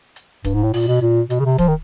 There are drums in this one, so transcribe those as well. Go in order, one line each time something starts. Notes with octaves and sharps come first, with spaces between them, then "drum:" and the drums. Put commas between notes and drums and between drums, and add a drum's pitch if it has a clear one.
drum: hi-hat
G2, drum: kick D1, hi-hat
G#2
A2
A#2, drum: open hi-hat
B2
A#2
B2, drum: hi-hat
C#3
C3
F3, drum: kick D1, hi-hat
D#3